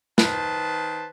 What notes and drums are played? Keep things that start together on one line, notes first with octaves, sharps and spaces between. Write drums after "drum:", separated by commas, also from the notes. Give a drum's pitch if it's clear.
D#3 B4 C5 A5, drum: snare